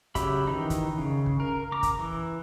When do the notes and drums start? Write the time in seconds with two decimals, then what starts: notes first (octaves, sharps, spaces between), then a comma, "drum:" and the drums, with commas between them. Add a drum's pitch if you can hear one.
0.15 C#3 F#3 G4 E5 B5, drum: kick, hi-hat
0.47 D#3 E3 D#4
0.70 drum: kick, hi-hat
0.98 C#3
1.26 drum: kick
1.40 A#4
1.72 A#5 D6
1.83 drum: kick, hi-hat
1.99 E3